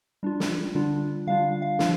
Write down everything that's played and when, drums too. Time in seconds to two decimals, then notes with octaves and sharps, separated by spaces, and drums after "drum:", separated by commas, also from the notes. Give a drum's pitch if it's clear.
0.23 G3 D4 F4
0.40 drum: snare
0.75 D3 G3 D4 F4
1.27 D3 G3 D4 F4 F5
1.62 F5
1.79 F3 D4 F4, drum: snare